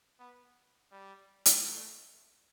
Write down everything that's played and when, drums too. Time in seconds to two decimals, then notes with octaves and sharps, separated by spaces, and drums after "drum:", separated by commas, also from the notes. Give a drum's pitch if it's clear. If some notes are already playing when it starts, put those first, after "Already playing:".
0.19 B3
0.91 G3
1.46 drum: hi-hat
1.63 A3